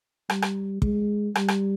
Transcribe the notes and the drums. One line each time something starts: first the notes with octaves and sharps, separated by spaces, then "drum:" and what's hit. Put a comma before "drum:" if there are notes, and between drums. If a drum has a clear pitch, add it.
G3, drum: rim click
drum: rim click
G#3, drum: kick
G3, drum: rim click
drum: rim click